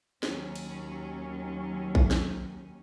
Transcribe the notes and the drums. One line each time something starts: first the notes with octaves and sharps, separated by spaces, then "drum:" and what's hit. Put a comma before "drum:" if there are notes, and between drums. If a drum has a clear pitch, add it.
D#2 F#3 C#4, drum: snare
drum: cymbal
drum: kick A#1
drum: snare